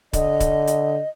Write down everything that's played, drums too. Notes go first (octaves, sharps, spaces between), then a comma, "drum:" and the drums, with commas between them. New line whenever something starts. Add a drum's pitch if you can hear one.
D3 D#5, drum: kick C#1, hi-hat
drum: kick C#1, hi-hat
drum: hi-hat